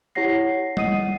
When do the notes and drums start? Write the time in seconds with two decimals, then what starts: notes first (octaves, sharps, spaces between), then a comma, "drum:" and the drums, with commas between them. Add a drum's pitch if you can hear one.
0.15 E4 G4 C#5 F#5 A#6 C7
0.77 D#5 F#5 D#6 C7 D#7, drum: tom G3